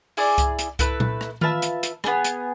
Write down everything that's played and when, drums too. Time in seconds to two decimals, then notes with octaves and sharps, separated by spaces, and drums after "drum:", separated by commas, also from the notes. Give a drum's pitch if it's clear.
0.17 E4 G#4 D5, drum: open hi-hat
0.38 drum: kick C2, hi-hat
0.59 drum: hi-hat
0.79 A3 E4 B4, drum: kick C2, hi-hat
1.00 drum: tom A#2
1.21 drum: rim click
1.41 F4 B4 E5 A5, drum: tom D#3
1.62 drum: hi-hat
1.83 drum: hi-hat
2.04 B3 F4 G#4, drum: rim click
2.25 drum: hi-hat